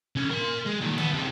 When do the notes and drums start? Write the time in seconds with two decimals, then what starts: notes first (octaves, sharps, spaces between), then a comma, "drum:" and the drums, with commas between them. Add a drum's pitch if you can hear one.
0.16 D3 C#4
0.31 A#4 C6
0.66 G#3
0.81 A#2 D#3
0.98 B3 A4, drum: tom D3
1.14 C3 G#3